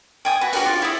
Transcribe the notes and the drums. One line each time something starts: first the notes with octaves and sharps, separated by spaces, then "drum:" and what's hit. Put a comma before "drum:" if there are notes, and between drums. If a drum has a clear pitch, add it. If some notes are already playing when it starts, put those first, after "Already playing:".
G5 G#5 D#6
F#4 B4
F#4 G4 A#4 B4, drum: cymbal
F4 D6
E4 D#6